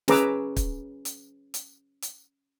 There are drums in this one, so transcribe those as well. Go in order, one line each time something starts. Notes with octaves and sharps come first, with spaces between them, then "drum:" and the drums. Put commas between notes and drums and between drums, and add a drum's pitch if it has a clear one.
C#4 G#4 B4 A#5 D6 E6, drum: snare
drum: kick, hi-hat
drum: hi-hat
drum: hi-hat
drum: hi-hat